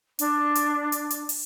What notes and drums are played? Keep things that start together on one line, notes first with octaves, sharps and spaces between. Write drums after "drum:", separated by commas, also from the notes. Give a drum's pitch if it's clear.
D4, drum: hi-hat
drum: hi-hat
drum: hi-hat
drum: hi-hat
drum: open hi-hat